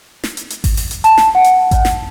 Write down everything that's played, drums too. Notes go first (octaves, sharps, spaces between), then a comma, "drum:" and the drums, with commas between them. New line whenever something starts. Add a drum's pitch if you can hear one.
drum: snare
drum: hi-hat
drum: hi-hat
drum: kick G#1, open hi-hat
drum: open hi-hat
drum: hi-hat
A5, drum: hi-hat
drum: snare
F#5
drum: hi-hat
drum: kick G#1, hi-hat
drum: snare